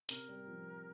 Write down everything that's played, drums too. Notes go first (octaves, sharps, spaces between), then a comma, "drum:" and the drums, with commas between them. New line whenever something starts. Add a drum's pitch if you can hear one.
C3 A#4, drum: hi-hat
G3
F3